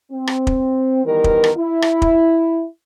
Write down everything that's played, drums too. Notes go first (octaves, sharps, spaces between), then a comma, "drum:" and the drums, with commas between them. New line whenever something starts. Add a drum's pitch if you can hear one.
C4
drum: rim click
drum: kick
D#3 E3 G3 B3 A#4
drum: kick
drum: rim click
E4
drum: rim click
drum: kick